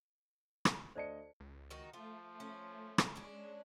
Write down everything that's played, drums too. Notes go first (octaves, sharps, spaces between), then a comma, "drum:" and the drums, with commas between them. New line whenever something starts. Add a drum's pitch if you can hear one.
drum: rim click
D2 C5 D5 D#5 A5 C#7
C#2
D#3 D#4 F#4
F3 A3 F4
C#4
drum: rim click
G#3 C#4 D4